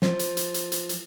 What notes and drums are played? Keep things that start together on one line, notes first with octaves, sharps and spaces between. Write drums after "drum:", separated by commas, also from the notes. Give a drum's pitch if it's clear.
F3, drum: snare
drum: hi-hat
drum: hi-hat
drum: hi-hat
drum: hi-hat
drum: hi-hat